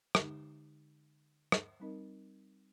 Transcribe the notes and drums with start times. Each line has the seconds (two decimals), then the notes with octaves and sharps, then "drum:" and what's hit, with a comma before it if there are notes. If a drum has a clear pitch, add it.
0.15 D3 G#3 D#4 G4, drum: rim click
1.52 drum: rim click
1.80 G3 C4 D#4 A#4 D#5